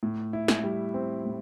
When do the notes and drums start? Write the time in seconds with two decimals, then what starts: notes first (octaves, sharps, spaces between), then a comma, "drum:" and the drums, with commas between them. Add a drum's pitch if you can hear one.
0.03 A2
0.33 E4
0.48 drum: snare
0.64 G3
0.94 C4
1.25 A2